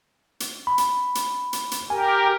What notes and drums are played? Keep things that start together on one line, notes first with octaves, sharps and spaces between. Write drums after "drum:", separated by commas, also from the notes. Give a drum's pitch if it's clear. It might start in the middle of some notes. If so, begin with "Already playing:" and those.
drum: hi-hat
B5
drum: hi-hat
drum: hi-hat
drum: hi-hat
drum: hi-hat
G4 A#4 G#5